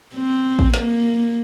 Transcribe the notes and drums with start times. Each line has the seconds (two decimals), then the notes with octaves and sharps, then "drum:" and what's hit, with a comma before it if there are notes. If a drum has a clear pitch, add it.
0.15 C4
0.59 drum: kick A1
0.74 A#3, drum: snare